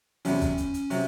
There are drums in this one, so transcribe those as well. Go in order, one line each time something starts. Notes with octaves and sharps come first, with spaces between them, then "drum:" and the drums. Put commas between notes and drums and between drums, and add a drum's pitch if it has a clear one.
E2 C3 F#3 C#4, drum: open hi-hat
drum: kick, hi-hat
drum: kick, hi-hat
drum: hi-hat
C3 F#3, drum: open hi-hat